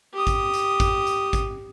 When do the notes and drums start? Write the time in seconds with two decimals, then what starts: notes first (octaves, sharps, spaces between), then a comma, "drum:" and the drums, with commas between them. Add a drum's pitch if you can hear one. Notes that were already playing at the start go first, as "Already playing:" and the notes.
0.13 G4 D#6
0.27 drum: kick G#1, hi-hat
0.53 drum: hi-hat
0.80 drum: kick G#1, hi-hat
1.07 drum: hi-hat
1.33 drum: kick G#1, hi-hat